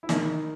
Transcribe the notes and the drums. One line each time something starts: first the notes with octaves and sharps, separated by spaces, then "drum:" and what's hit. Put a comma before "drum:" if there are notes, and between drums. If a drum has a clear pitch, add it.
E4
D#3 D#4, drum: snare